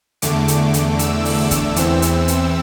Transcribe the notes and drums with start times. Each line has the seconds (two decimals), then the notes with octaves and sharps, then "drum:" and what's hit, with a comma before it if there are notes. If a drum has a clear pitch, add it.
0.22 E2 D3 A3 D6, drum: hi-hat
0.48 drum: hi-hat
0.74 drum: hi-hat
0.99 E6, drum: hi-hat
1.25 drum: open hi-hat
1.51 drum: kick, hi-hat
1.76 E2 E3 C4, drum: hi-hat
2.02 drum: hi-hat
2.28 drum: hi-hat